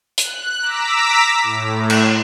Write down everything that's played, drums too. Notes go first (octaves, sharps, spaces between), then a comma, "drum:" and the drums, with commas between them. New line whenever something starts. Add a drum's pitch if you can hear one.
F#6, drum: hi-hat
A#5 D6 E6 B6
A2
drum: cymbal